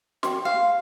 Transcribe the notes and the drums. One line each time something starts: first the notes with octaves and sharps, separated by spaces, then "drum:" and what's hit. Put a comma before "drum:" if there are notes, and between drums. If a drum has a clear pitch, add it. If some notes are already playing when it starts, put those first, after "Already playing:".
G5 C6, drum: snare
F5